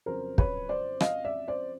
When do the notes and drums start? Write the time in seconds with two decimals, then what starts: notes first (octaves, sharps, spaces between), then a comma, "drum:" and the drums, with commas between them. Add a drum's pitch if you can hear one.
0.06 F2 C#3 F#3 A#4 C5
0.38 B4 C#5, drum: kick
0.69 C5 D5
1.00 D#5 F5, drum: rim click
1.24 D5 E5
1.48 C5 D5